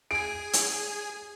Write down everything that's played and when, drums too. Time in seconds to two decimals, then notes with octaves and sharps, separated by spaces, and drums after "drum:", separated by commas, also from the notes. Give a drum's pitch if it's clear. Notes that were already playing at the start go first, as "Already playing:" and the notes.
0.11 G#4 G#5 D7
0.53 drum: hi-hat